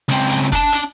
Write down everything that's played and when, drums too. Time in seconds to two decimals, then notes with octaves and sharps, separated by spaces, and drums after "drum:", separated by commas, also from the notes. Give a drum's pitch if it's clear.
0.09 C#2 C4, drum: hi-hat
0.30 drum: hi-hat
0.52 D4 A5, drum: kick, hi-hat
0.72 drum: hi-hat